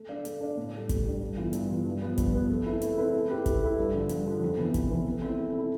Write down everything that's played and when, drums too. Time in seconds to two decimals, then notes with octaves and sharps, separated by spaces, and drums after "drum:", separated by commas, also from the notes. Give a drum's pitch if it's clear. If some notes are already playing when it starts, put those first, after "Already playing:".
Already playing: A3
0.09 D4 A4 D5 F5
0.25 A3, drum: hi-hat
0.41 D4 A4 D5 F5
0.57 A2
0.73 G3 D4 A4
0.89 A2, drum: kick, hi-hat
1.05 G3 D4 A4
1.21 G2
1.37 E3 B3 F4
1.53 G2, drum: hi-hat
1.69 E3 B3 F4
1.85 G2
2.01 F3 B3
2.18 G2, drum: kick, hi-hat
2.34 F3 B3
2.50 A3
2.65 C4 E4 B4
2.82 A3, drum: hi-hat
2.98 C4 E4 B4
3.14 A3
3.30 E4 G4 B4
3.46 A3, drum: kick, hi-hat
3.61 E4 G4 B4
3.78 G2
3.94 D3 F3
4.09 G2, drum: hi-hat
4.26 D3 F3
4.41 F2
4.57 C3 E3 B3
4.74 F2, drum: kick, hi-hat
4.90 C3 E3 B3
5.06 A3
5.22 C4 E4
5.38 A3
5.54 C4 E4